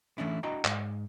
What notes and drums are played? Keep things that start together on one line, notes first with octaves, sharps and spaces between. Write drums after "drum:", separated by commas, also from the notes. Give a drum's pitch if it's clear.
E3 A3 C#4 D4 E4
D4 E4 F#4 D#5 G5 A#5
G#2, drum: clap